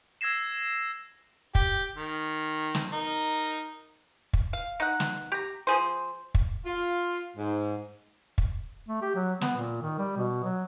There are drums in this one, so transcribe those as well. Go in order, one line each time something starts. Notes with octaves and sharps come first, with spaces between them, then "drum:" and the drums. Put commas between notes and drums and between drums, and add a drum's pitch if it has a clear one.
E6 G#6 A#6 C7 E7
G4, drum: kick
D#3
drum: snare
D#4 A#4
drum: kick
F5
D#4 F#5
drum: snare
G4 A#5
F3 G#4 C5
drum: kick
F4
G#2
drum: kick
A3
G4
F#3
B3, drum: snare
A#2
D#3
G3
B2
F#3